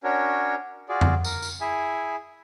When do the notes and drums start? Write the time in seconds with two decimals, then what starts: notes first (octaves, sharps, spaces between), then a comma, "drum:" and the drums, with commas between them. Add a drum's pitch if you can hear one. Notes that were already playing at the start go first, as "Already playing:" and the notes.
0.04 C#4 D4 F#4 A#4 C#5
0.89 F4 F#4 G#4 D5
1.01 drum: tom F2
1.24 A#4, drum: tambourine
1.42 drum: tambourine
1.61 E4 G#4 E5 G#5